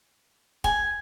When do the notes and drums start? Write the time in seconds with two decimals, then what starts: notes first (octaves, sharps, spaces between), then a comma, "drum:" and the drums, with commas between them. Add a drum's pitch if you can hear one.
0.64 G#5, drum: kick